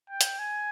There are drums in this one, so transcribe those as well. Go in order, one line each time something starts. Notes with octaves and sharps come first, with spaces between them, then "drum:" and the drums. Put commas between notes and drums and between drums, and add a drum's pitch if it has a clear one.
G5
drum: hi-hat
G#5